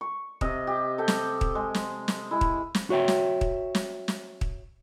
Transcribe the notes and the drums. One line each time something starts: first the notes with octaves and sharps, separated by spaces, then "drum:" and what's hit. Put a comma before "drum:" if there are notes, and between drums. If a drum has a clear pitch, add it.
C#6
C3 D#5, drum: kick
G4
A4 G5
drum: snare
drum: kick
G#3
drum: snare
drum: snare
G#3 E4
drum: kick
drum: snare
F#4 C#5 E5 G5
drum: snare
drum: kick
drum: snare
drum: snare
drum: kick